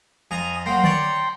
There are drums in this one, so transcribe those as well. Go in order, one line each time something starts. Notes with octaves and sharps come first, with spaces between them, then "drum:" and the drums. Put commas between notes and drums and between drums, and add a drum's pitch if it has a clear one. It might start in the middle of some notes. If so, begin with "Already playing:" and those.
F2 G#5 A#5 D#6
F#3 A#3 G5 A#5 C6
C#5 D5, drum: tom D3